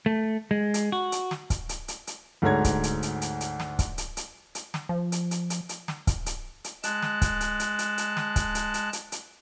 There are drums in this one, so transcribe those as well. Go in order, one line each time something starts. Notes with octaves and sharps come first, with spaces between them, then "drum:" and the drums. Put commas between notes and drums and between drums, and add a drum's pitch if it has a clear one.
A3
G#3
drum: hi-hat
F#4
drum: hi-hat
drum: snare
drum: kick, hi-hat
drum: hi-hat
drum: hi-hat
drum: hi-hat
D2 G#2 A4 C#5 A#5 G#6
drum: kick, hi-hat
drum: hi-hat
drum: hi-hat
drum: hi-hat
drum: hi-hat
drum: snare
drum: kick, hi-hat
drum: hi-hat
drum: hi-hat
drum: hi-hat
drum: snare
F3
drum: hi-hat
drum: hi-hat
drum: hi-hat
drum: hi-hat
drum: snare
drum: kick, hi-hat
drum: hi-hat
drum: hi-hat
G#3 A5 F#6, drum: hi-hat
drum: snare
drum: kick, hi-hat
drum: hi-hat
drum: hi-hat
drum: hi-hat
drum: hi-hat
drum: snare
drum: kick, hi-hat
drum: hi-hat
drum: hi-hat
drum: hi-hat
drum: hi-hat